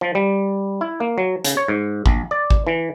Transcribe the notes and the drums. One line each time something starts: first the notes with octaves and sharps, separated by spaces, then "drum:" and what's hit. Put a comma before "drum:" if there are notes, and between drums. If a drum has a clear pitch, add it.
F3
G3
E4
A#3
F#3
C#3, drum: hi-hat
C#5
G#2
A#1, drum: kick G#1
D5
drum: kick G#1
E3